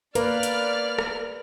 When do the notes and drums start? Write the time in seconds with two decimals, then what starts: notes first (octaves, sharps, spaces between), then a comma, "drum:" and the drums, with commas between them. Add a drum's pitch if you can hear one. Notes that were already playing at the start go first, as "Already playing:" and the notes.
0.15 A#3 B4 D5 F6, drum: hi-hat
0.43 drum: hi-hat
0.99 drum: rim click